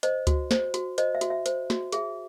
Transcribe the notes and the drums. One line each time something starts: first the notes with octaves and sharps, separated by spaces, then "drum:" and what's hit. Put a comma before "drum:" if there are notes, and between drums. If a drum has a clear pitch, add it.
C5 D#5, drum: hi-hat
F#4, drum: kick C#2, hi-hat
C5, drum: snare
F#4, drum: hi-hat
C5 D#5, drum: hi-hat
E5
F#4, drum: hi-hat
E5
C5, drum: hi-hat
F#4, drum: snare
G#4 E5, drum: hi-hat